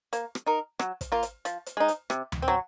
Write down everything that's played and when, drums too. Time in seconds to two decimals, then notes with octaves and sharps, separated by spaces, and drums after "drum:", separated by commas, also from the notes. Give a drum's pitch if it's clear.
0.13 A#3, drum: hi-hat
0.35 drum: rim click
0.46 D#4 A#4
0.79 F#3, drum: rim click
1.01 drum: kick, hi-hat
1.12 A#3 F4
1.23 drum: hi-hat
1.45 F3, drum: hi-hat
1.66 drum: hi-hat
1.77 G#3 D#4
1.88 drum: hi-hat
2.10 C3, drum: rim click
2.32 drum: tom D2
2.42 C4
2.48 F#3